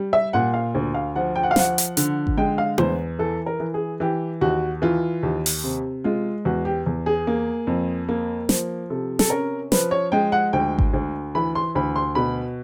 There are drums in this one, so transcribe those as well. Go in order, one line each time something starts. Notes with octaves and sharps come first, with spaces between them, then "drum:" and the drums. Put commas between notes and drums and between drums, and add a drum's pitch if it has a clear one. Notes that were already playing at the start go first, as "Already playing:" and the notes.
Already playing: G3
E5
A#2 F#5
F5
D2
F5
F3 F#5
G5
F#5
F5
F3 F#5, drum: snare
drum: hi-hat
D3, drum: hi-hat
drum: kick G#1
G#3 G5
F5
E2 C5, drum: tom E4
E3 A4
A#4
E3
G#4
E3 G4
D#2 F#4
E3 F4
D#2
drum: open hi-hat
C3
G#3 F4
E2 F#4
G4
E2
G#4
A#3
F2
A#3
F3, drum: snare
C3 A4
A4, drum: snare
C#4 A#4
F3 B4, drum: snare
C#5
G#3 G5
F#5
D2 G5
drum: kick G#1
D2
E3 B5
C6
D2 B5
C6
B2 B5